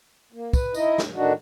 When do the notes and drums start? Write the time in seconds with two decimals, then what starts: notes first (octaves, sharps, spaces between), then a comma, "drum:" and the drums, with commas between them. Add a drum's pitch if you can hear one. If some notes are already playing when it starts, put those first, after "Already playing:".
0.32 A#3
0.53 B4, drum: kick, tambourine
0.74 D#4 E4 D#5, drum: tambourine
0.98 drum: snare
1.16 A2 D#3 D4 D#4 F#4